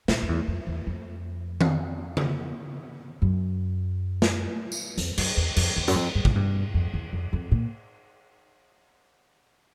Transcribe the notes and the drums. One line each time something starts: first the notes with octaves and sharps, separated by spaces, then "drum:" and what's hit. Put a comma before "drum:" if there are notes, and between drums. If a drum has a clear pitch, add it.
A#2, drum: snare
F2
E2
F2
E2
F2
drum: tom D#3
drum: tom C#3
F#2
drum: snare
drum: tambourine
F2, drum: hi-hat
F#2, drum: cymbal
E2
F2, drum: cymbal
E2
F#2, drum: hi-hat
F2
G2
G#2, drum: kick
G2
F2
E2
F2
F2
A#2